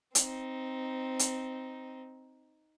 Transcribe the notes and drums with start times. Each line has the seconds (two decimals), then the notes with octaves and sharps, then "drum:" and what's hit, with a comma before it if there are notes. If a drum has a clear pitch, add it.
0.15 C4 D#4, drum: hi-hat
1.19 drum: hi-hat